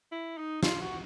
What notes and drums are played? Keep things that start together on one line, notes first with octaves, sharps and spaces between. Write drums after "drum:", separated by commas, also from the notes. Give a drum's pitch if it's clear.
E4
D#4
F4, drum: snare
F#4